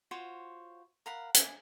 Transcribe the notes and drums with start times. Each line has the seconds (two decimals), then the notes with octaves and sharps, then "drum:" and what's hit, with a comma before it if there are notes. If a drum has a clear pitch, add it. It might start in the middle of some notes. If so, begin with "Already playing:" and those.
0.11 F4 F#4 C5 C#5
1.06 A#4 F5 F#5 B5
1.34 G#5, drum: hi-hat